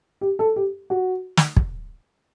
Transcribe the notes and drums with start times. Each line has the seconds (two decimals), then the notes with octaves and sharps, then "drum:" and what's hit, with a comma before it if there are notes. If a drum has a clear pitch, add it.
0.21 G4
0.39 A4
0.56 G4
0.90 F#4
1.37 drum: snare
1.57 drum: kick